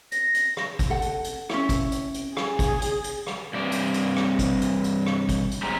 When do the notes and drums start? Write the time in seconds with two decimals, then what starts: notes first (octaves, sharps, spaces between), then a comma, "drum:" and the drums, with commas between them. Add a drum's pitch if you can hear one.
0.12 A#6, drum: hi-hat
0.34 drum: hi-hat
0.57 drum: rim click
0.79 drum: kick G#1, hi-hat
0.90 A4 F#5
1.02 drum: hi-hat
1.24 drum: hi-hat
1.49 C#4 E4, drum: rim click
1.69 drum: kick G#1, hi-hat
1.92 drum: hi-hat
2.14 drum: hi-hat
2.37 G#4, drum: rim click
2.59 drum: kick G#1, hi-hat
2.82 drum: hi-hat
3.04 drum: hi-hat
3.27 drum: rim click
3.54 G2 C3 D5
3.71 drum: hi-hat
3.94 drum: hi-hat
4.16 drum: rim click
4.39 drum: kick G#1, hi-hat
4.61 drum: hi-hat
4.84 drum: hi-hat
5.06 drum: rim click
5.29 drum: kick G#1, hi-hat
5.51 drum: hi-hat
5.63 E2 D3 G#3 C4 G4 A#5